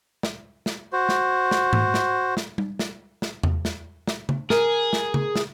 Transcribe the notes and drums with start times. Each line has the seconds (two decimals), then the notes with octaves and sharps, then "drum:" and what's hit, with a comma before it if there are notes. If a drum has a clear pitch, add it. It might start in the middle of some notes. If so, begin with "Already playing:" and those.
0.23 drum: snare
0.66 drum: snare
0.93 F#4 C5
1.09 drum: snare
1.51 drum: snare
1.73 drum: tom G#2
1.94 drum: snare
2.37 drum: snare
2.58 drum: tom G3
2.79 drum: snare
3.22 drum: snare
3.43 drum: tom E2
3.65 drum: snare
4.07 drum: snare
4.29 drum: tom C#3
4.50 G#4 A#4, drum: snare
4.93 drum: snare
5.14 drum: tom C#3
5.36 drum: snare